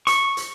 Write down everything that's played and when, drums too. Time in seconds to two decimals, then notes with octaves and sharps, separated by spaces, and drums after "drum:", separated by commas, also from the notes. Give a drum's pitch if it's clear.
0.07 C#6, drum: hi-hat
0.37 drum: hi-hat